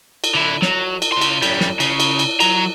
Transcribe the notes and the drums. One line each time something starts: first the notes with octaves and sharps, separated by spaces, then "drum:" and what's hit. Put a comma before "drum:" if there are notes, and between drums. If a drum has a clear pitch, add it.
drum: cymbal
D3 E4
F#3, drum: snare
drum: cymbal
C#3 C6
drum: cymbal
F#2 G3, drum: cymbal
drum: snare
C#3, drum: cymbal
drum: cymbal
drum: cymbal
F#3 A#5, drum: cymbal